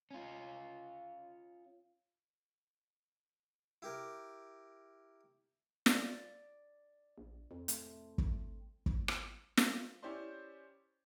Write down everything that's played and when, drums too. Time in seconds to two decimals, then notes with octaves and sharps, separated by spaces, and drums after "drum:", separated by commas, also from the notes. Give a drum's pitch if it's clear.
0.11 C#4 F4
3.82 E4 G4 A#4
5.86 D5, drum: snare
7.18 A#1
7.51 F2 C4
7.68 A3, drum: hi-hat
8.18 drum: kick
8.86 drum: kick
9.08 drum: rim click
9.57 drum: snare
10.03 C#4 E4 G4 C5 D5 C6